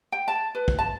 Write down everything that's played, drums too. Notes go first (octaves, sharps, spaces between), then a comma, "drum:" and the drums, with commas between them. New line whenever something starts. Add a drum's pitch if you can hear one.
G5
A5
B4
drum: kick
A5